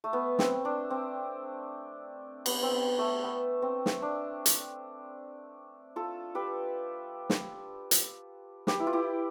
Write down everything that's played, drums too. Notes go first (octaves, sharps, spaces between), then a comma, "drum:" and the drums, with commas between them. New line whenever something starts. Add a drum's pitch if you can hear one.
A3
B3
C4, drum: snare
D4
C4
B3, drum: cymbal
C4
B3
A3
B3
C4
drum: snare
D4
drum: hi-hat
F4 A4
G4 B4
drum: snare
drum: hi-hat
G4 B4, drum: snare
E4
F4
E4 G4